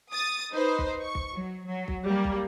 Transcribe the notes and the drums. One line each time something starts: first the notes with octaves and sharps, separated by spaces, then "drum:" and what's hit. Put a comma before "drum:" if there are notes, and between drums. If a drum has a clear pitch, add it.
D#6 A6
D#4 B4 C5
drum: kick
C#6
drum: kick
F#3
F#3
drum: kick
G3 A#3
drum: kick